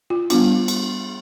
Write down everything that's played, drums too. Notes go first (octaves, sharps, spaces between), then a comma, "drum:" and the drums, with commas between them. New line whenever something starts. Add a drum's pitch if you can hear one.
F4
G3 B3 D4 F4, drum: cymbal
drum: cymbal